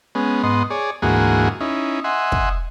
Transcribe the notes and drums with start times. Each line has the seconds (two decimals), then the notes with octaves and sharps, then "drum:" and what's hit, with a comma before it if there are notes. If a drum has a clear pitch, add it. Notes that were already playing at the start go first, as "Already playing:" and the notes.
0.15 G#3 B3 C#4
0.43 G#2 B3 D#5 C6
0.70 G#4 C#5 D5
1.02 D2 G#2 E3 A#3 F#4 G#4
1.60 C#4 D#4 E4
2.04 D#5 E5 F#5 G#5 C6
2.32 drum: kick